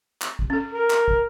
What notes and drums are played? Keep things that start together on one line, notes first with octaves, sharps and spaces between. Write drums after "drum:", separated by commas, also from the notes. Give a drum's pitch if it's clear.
drum: clap
drum: kick
C#4 A4
A#4
drum: clap
drum: kick